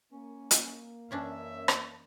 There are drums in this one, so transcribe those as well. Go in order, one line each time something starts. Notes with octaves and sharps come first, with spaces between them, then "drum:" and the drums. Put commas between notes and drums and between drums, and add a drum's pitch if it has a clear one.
A#3 C#4
drum: hi-hat
F#2 E3 C#4 D4 C#5 D#5 E5
drum: rim click